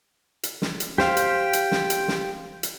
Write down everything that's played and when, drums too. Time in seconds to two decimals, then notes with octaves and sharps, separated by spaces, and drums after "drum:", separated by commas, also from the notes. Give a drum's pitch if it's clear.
0.43 drum: hi-hat
0.62 drum: snare
0.80 drum: hi-hat
0.98 G4 C5 F5 G5, drum: snare
1.17 drum: hi-hat
1.53 drum: hi-hat
1.72 drum: snare
1.90 drum: hi-hat
2.08 drum: snare
2.63 drum: hi-hat